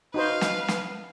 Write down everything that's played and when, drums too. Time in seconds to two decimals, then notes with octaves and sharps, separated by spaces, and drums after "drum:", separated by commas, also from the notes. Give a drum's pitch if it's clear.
0.14 D#4 F#4 B4 C5 F5
0.41 drum: snare
0.68 drum: snare